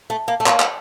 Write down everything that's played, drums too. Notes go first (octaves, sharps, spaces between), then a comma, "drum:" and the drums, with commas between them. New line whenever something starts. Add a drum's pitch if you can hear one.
A3
A#3
A3
A#3, drum: clap
drum: clap